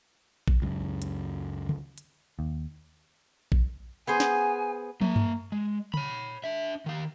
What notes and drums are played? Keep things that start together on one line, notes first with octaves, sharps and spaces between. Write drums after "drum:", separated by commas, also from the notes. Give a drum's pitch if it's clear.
drum: kick A#1
C#2 F#2
drum: hi-hat
drum: tom C#3
drum: hi-hat
D#2
drum: kick A#1
B3 G#4 C5 G#5
drum: snare
A#3 E5, drum: tom
drum: tom G2
G#3
C#5 B5, drum: tom C#3
D4 E5
D#3 F5